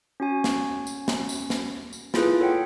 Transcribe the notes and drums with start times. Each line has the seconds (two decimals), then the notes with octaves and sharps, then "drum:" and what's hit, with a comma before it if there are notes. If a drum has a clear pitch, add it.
0.20 C#4 F#4 G#5
0.44 drum: snare
0.87 drum: tambourine
1.08 drum: snare
1.29 drum: tambourine
1.50 drum: snare
1.93 drum: tambourine
2.14 E4 F4 G#4 A4 B4, drum: snare
2.40 A4 C#5 F#5 G5